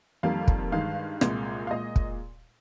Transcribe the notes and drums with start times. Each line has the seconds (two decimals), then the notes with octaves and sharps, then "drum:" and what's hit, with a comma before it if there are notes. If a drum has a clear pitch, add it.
0.23 F2 D#3 G3 A#3 F5
0.48 drum: kick
0.72 G2 D#3 G#3 F5
1.21 C2 A#2 G#3, drum: rim click
1.67 F5
1.71 A#2 G#3 D#5
1.96 drum: kick